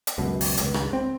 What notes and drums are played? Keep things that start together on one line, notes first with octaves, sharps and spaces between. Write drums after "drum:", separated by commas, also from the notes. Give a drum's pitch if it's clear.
drum: hi-hat
C#2 F#2 B2
drum: open hi-hat
G#1 C#2, drum: hi-hat
drum: rim click
C4